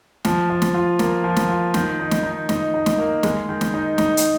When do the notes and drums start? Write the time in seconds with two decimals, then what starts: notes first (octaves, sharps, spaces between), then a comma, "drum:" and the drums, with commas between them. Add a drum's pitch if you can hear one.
0.25 F3, drum: snare
0.50 F3
0.62 drum: snare
0.74 F4
0.99 A#3, drum: snare
1.24 F3
1.36 drum: snare
1.49 F4
1.74 D#3, drum: snare
1.99 D#4
2.11 drum: snare
2.23 D#4
2.49 D#4, drum: snare
2.74 D#4
2.86 drum: snare
2.98 A#3
3.23 G#3, drum: snare
3.49 D#3
3.61 drum: snare
3.74 D#4
3.98 D#4, drum: snare
4.17 drum: hi-hat